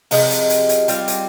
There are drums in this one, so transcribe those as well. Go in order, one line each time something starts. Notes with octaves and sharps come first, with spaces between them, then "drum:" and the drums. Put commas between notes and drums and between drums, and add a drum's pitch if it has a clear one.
C3 F3 G#3, drum: open hi-hat
drum: hi-hat
drum: hi-hat
drum: hi-hat
G3 C4 F4, drum: hi-hat
drum: hi-hat